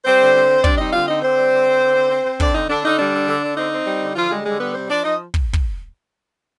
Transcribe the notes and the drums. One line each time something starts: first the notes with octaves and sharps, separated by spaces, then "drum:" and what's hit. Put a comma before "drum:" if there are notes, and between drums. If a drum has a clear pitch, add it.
G3 C4 C5
D3
C4
C4
G3 D4 D5, drum: kick
C4 D#4 D#5
D3 F4 F5
C4 D#4 D#5
D3 C4 C5
G3
D3
D3
D3
C4
C4
C4
D3 D4 D5, drum: kick
D3 D#4
D3 D4
D3 D#4
G3 D4
D3
D3
D3
C4 D#4
C4
G3
D3
D3 F3 F4
G3 G#3 G#4
D3 G#3 G#4
G3 B3 B4
C3 C4 C5
F3 D4 D5
F3 D#4 D#5
drum: kick
drum: kick